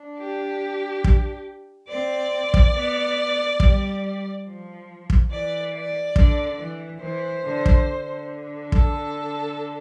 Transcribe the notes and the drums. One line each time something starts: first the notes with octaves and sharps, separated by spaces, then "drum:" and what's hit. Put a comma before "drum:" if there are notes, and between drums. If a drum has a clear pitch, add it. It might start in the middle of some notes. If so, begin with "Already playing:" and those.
Already playing: D4
G4
drum: kick
C4 D5
drum: kick
B3
G3, drum: kick
F3
drum: kick
E3 D5
D5
D3, drum: kick
E3
E3 C5
D3
drum: kick
D3
A4, drum: kick